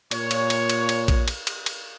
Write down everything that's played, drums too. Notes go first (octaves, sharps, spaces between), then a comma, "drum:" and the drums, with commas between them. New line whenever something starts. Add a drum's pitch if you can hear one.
A#2 C#5, drum: cymbal
drum: cymbal
drum: cymbal
drum: cymbal
drum: cymbal
drum: kick A#1, cymbal
drum: cymbal
drum: cymbal
drum: cymbal